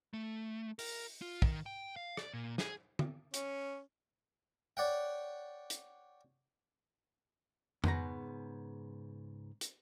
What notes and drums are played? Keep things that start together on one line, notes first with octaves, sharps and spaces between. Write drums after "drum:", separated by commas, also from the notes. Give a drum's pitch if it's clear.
A3
A#4, drum: open hi-hat
F4
D#3, drum: kick
G5
F5
D5, drum: rim click
A#2
G#4, drum: snare
drum: tom
C#4, drum: hi-hat
C#5 D5 F#5 G5
drum: hi-hat
G#2 C#3 B3 A#5, drum: tom F2
drum: hi-hat